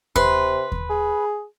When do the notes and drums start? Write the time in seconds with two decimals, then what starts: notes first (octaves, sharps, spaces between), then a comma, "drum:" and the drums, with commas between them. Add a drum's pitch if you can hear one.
0.16 C3 B4 C6, drum: kick D#2
0.72 drum: kick D#2
0.90 G#4